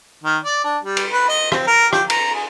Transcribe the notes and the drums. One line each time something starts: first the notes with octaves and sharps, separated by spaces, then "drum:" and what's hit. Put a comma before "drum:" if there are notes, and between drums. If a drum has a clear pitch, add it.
D#3
D5
D4
G3
drum: cymbal
B4
D#5
C4, drum: rim click
A#4
G4, drum: rim click
A#5, drum: cymbal
G#4